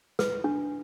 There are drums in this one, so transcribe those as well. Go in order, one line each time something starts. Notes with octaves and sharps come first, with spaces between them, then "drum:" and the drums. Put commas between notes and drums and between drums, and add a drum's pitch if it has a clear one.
B4, drum: snare
D4